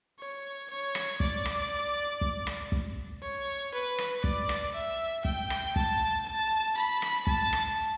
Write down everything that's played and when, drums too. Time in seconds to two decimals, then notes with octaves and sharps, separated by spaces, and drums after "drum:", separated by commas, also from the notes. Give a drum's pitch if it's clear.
0.19 C#5
0.70 C#5
0.95 drum: rim click
1.20 D5, drum: kick
1.45 drum: rim click
2.21 drum: kick
2.47 drum: rim click
2.72 drum: kick
3.22 C#5
3.73 B4
3.98 drum: rim click
4.24 D5, drum: kick
4.49 drum: rim click
4.74 E5
5.25 G5, drum: kick
5.50 drum: rim click
5.76 A5, drum: kick
6.26 A5
6.77 B5
7.02 drum: rim click
7.27 A5, drum: kick
7.53 drum: rim click